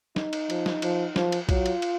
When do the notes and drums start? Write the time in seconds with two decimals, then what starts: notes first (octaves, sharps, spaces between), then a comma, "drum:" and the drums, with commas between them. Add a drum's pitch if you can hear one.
0.16 D#4, drum: snare
0.33 drum: cymbal
0.50 F3, drum: cymbal
0.66 drum: snare
0.82 F3, drum: cymbal
1.16 F3, drum: snare
1.32 drum: cymbal
1.49 F#3 F4, drum: kick, cymbal
1.66 drum: cymbal
1.82 drum: cymbal